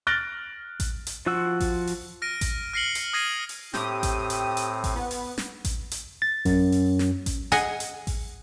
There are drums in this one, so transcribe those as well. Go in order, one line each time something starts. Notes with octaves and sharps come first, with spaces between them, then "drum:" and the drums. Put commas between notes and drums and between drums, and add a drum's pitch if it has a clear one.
F6 F#6 A6 A#6 D7 G7
drum: kick A1, hi-hat
drum: hi-hat
F3 F4 F#4 F#5 E6
drum: kick A1, open hi-hat
drum: open hi-hat
F6 A#6 D7 D#7
drum: kick A1, hi-hat
F6 A#6 C7 C#7 F#7 G7
drum: hi-hat
D#6 F6 G#6 A#6 C7 D#7
drum: open hi-hat
A2 C4 G4 D#6, drum: snare
drum: kick A1, hi-hat
drum: hi-hat
drum: hi-hat
drum: kick A1, open hi-hat
B3
drum: open hi-hat
drum: snare
drum: kick A1, hi-hat
drum: hi-hat
A6
F#2, drum: kick A1, open hi-hat
drum: open hi-hat
drum: snare
drum: kick A1, hi-hat
G#4 D#5 F#5 G#5, drum: hi-hat
drum: hi-hat
drum: kick A1, open hi-hat